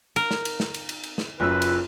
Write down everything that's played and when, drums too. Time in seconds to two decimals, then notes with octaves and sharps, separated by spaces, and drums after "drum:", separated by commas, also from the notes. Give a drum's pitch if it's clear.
0.16 A#4, drum: cymbal
0.31 drum: snare
0.45 drum: cymbal
0.60 drum: snare
0.74 drum: cymbal
0.89 drum: cymbal
1.03 drum: cymbal
1.18 drum: snare
1.40 F#1 F#2 F4 B4 E6
1.62 drum: cymbal